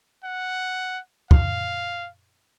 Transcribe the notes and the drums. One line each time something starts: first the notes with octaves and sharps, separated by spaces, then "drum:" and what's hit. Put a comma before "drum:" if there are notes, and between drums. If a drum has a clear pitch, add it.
F#5
F5, drum: kick